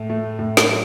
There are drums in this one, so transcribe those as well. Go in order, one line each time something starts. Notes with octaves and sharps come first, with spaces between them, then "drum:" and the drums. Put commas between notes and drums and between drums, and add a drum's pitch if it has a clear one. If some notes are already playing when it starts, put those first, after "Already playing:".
Already playing: A2
A3
A2
drum: snare
F#3